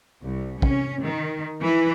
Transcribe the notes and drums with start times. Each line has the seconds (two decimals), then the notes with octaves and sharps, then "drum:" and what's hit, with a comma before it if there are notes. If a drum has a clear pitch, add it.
0.22 C2
0.62 C#4, drum: kick
1.02 D#3
1.61 E3